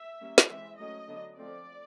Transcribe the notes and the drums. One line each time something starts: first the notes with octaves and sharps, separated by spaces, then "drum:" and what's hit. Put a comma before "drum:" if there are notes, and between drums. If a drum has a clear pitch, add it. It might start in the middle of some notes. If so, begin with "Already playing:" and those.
Already playing: E5
G3 A#3 C#4
drum: snare
E3 G#3 C4 E5
F#3 A3 C#4 D#5
D3 F#3 B3 D4
F3 A3 C4 D5